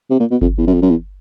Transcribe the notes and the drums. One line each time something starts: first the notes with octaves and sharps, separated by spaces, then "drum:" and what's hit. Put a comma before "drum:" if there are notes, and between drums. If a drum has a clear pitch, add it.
C3
A#2
B2
F2, drum: kick G1
E2
F#2
F2
F#2
E2